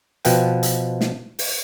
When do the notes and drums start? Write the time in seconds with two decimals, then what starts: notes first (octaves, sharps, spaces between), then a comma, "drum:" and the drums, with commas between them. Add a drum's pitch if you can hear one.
0.25 B2 F3 B4 G5, drum: hi-hat
0.63 drum: hi-hat
1.01 drum: snare
1.39 drum: open hi-hat